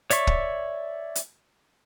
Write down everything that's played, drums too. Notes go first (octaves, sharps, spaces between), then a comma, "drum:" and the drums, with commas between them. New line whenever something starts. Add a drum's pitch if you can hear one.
C#5 D5 E5 C#6, drum: hi-hat
drum: kick
drum: hi-hat